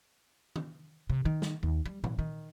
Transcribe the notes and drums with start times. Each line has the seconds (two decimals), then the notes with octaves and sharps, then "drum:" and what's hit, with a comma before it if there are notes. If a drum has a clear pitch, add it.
0.56 drum: tom D#3
1.10 C3
1.25 D#3
1.42 drum: snare
1.63 D#2
1.86 G3
2.04 E3, drum: tom A#2
2.19 D#3